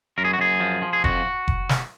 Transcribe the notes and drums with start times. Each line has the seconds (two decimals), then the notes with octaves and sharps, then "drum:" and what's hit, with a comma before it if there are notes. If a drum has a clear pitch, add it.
0.18 F#2 A#4
0.25 G#4
0.33 F#4
0.39 F#2 G#4
0.60 F3
0.82 F3
0.93 G#4
1.04 F2 F#4, drum: kick F1
1.48 drum: kick F1
1.69 drum: snare